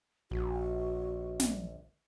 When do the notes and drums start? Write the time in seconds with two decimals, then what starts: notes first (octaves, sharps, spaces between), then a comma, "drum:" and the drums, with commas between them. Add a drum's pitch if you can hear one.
0.31 A#1 F#4
1.40 drum: snare